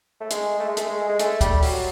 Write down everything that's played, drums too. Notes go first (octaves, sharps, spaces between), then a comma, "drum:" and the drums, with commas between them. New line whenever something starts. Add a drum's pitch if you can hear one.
A3
G#3, drum: hi-hat
A3
G#3
A3, drum: hi-hat
G#3
G#3
A3, drum: hi-hat
G3, drum: kick, hi-hat
F#3, drum: open hi-hat